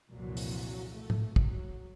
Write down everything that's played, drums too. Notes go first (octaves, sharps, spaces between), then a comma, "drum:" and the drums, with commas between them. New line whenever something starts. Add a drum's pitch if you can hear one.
C2 F2 A#2 E3 F#3
drum: open hi-hat
A3
drum: tom A2
F#3, drum: kick